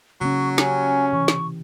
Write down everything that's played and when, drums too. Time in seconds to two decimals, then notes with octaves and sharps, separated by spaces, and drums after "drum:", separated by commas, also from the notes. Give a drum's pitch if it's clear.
0.21 C#3 F#3 A#3 C#4 C#6
0.58 C#4 G4 G#5, drum: snare
1.13 C3 E3 C#6
1.28 drum: snare